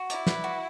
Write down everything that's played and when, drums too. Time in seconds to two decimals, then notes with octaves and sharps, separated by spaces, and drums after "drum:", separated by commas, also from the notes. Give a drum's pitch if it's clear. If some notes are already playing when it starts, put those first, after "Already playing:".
Already playing: F#4
0.10 E4 D5, drum: hi-hat
0.27 B4, drum: snare
0.44 F#4